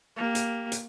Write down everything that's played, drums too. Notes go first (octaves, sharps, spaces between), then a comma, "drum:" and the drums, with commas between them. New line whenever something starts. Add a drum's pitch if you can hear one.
A#3 G4
drum: hi-hat
drum: hi-hat